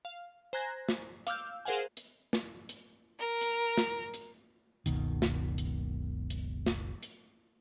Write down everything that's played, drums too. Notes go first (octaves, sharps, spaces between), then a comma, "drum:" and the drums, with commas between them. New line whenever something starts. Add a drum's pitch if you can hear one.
F5
C5 G#5 A#5 F#6 G#6 A#6
drum: snare
F5 D6 E6 F6 G6, drum: hi-hat
G#4 A#4 C5 F5 F#5 G#5
drum: hi-hat
drum: snare
drum: hi-hat
A#4
drum: hi-hat
drum: snare
drum: hi-hat
F#1 C#2 B2 D#3, drum: hi-hat
drum: snare
drum: hi-hat
drum: hi-hat
drum: snare
drum: hi-hat